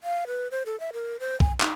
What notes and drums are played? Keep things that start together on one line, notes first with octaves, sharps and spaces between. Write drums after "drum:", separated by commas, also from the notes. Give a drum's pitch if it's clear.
F5
B4
C5
A4
E5
A#4
C5
G#5, drum: kick
D#4, drum: clap